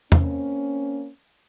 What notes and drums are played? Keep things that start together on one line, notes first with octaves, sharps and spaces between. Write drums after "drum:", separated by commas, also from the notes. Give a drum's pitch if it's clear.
A#3 C4 C#4, drum: tom E2